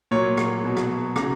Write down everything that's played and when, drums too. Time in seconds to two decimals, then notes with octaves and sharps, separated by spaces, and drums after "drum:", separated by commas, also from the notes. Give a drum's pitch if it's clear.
0.11 A#2 F#3 C#5
0.37 drum: rim click
0.64 B2 F#3
0.77 drum: rim click
1.16 C#3 F#3 A#5, drum: rim click